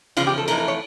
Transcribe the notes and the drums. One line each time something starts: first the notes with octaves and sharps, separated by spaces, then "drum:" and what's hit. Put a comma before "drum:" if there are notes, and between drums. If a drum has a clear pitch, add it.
E2 C#3 F3 F4, drum: cymbal
G4
A4
F2 E3 A3 A#4, drum: cymbal
A#4
C#5